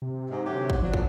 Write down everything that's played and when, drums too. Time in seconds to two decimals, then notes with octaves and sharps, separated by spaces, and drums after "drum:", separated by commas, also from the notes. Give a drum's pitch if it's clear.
0.02 C3
0.30 G#2
0.46 D3 F#3 G4
0.70 drum: kick
0.82 F3 F#3 D4
0.94 drum: kick